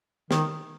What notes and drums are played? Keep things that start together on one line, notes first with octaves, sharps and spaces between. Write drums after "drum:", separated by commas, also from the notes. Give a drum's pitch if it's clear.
D#3, drum: snare